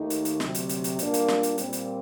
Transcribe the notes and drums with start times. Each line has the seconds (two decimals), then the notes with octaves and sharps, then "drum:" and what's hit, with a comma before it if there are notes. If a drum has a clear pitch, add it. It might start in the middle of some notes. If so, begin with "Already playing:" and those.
Already playing: D#2 D#3 A3 D#4
0.10 drum: hi-hat
0.25 drum: hi-hat
0.40 D2 C3 F#3, drum: snare
0.54 drum: hi-hat
0.69 drum: hi-hat
0.84 drum: hi-hat
0.99 A#2 G3 A#3 D4, drum: hi-hat
1.14 drum: hi-hat
1.28 drum: snare
1.43 drum: hi-hat
1.58 A#2 G3 C4, drum: hi-hat
1.73 drum: hi-hat